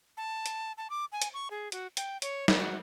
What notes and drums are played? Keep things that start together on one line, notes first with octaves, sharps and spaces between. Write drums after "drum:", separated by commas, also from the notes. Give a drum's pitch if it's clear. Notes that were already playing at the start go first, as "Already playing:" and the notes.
A5
drum: hi-hat
A5
D6
G#5
drum: hi-hat
C#6
G#4
F#4, drum: hi-hat
G5, drum: hi-hat
C#5, drum: hi-hat
drum: snare
F#4